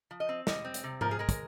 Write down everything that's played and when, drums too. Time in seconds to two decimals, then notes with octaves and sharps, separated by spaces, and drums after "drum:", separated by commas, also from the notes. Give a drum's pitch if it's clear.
0.11 F3
0.20 D#5
0.29 C4
0.47 G3 D#5, drum: snare
0.65 C4
0.74 drum: hi-hat
0.84 C3
1.01 F3 A#4, drum: tom G#2
1.11 G#4
1.19 G#3 A#4
1.29 drum: kick, hi-hat